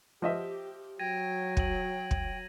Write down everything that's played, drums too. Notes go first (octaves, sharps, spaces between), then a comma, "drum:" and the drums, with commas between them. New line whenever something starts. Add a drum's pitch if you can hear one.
F3 G4 D#5 E5
F#3 G5 G#6 A#6 D#7
G5 D#7 F#7, drum: kick
drum: kick